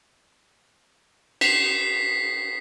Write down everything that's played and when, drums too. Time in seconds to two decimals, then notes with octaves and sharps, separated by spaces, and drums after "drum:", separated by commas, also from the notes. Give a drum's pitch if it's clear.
1.41 B6 C7, drum: cymbal